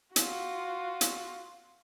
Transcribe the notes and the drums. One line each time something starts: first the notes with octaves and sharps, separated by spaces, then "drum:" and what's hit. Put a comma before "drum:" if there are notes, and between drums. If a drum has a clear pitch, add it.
F4 F#4, drum: hi-hat
drum: hi-hat